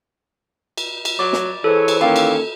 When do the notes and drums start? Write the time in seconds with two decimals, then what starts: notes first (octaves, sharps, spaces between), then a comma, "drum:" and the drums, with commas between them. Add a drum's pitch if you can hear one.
0.78 drum: cymbal
1.05 drum: cymbal
1.19 F#3 D5 D6
1.33 drum: snare
1.64 E3 G#4 A4 C5 C#5
1.88 drum: cymbal
2.01 D#3 A#3 C#4 F4 G4
2.16 drum: cymbal